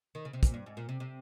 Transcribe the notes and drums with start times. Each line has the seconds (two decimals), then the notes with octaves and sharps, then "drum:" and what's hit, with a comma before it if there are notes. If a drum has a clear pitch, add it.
0.15 D#3
0.25 C#3
0.33 C3
0.43 A#2, drum: kick, hi-hat
0.54 G2
0.66 G#2
0.77 A#2
0.89 C3
1.00 C3